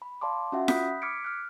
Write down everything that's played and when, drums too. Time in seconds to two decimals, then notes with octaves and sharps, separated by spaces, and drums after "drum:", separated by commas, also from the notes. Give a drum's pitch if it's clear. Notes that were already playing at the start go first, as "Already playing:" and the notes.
0.02 B5
0.21 D5 F5 A5 C6 D6
0.52 C#4 F4 F#4 E5 F#5
0.68 B5 D#6 F#6 G6 B6, drum: snare F4
1.02 D6 F6 G#6 B6 C#7 D7
1.24 F6 F#6